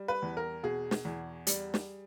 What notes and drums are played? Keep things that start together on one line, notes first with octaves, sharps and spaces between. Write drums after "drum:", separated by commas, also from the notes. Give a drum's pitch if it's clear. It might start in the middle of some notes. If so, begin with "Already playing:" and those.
Already playing: G3
B4
E2
A#4
B2 G#4
drum: snare
E2
G3, drum: hi-hat
drum: snare